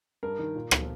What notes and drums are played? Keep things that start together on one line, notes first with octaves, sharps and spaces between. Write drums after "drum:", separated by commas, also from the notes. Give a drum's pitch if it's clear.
G2 A#4
D#3
A#2
F3, drum: rim click